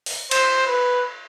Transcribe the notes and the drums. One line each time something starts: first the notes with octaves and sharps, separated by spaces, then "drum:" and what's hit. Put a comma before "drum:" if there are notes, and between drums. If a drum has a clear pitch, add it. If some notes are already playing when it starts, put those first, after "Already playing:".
drum: open hi-hat
C5, drum: cymbal
B4